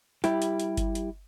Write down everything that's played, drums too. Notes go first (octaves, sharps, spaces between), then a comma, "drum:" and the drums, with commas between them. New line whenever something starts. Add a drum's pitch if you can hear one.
G3 E4 G4, drum: hi-hat
drum: hi-hat
drum: hi-hat
drum: kick G1, hi-hat
drum: hi-hat